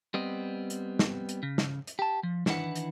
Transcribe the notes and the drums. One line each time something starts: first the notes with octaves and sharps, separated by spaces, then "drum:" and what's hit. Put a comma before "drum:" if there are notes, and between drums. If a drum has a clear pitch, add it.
G3 B3 C4 D#5
drum: hi-hat
drum: snare
drum: hi-hat
C#3
drum: snare
drum: hi-hat
G4 A5
F3
D#3 E3 D4 E4 B4 F#5, drum: snare
drum: hi-hat